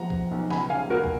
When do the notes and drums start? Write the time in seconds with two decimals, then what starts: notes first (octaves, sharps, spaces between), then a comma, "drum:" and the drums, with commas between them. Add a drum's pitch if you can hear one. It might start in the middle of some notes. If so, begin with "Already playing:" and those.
Already playing: F3 G#3 F#5 A#5
0.10 F3, drum: kick
0.31 B1
0.50 C#2 G#5 B5, drum: snare
0.70 C#3 F5 G#5
0.90 C#2 F#4 A#4
1.04 drum: kick